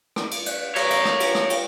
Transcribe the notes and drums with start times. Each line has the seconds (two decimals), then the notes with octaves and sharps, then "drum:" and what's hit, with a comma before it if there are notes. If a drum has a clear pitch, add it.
0.16 drum: rim click
0.31 drum: cymbal
0.46 drum: cymbal
0.76 A#4 C#5, drum: cymbal
0.90 drum: cymbal
1.05 drum: rim click
1.20 drum: cymbal
1.35 drum: rim click
1.50 drum: cymbal